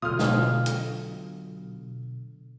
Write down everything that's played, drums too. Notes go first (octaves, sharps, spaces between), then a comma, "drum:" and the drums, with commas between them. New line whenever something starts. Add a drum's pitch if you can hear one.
B1 B2 D3 F4 D#6 F6
drum: snare
drum: hi-hat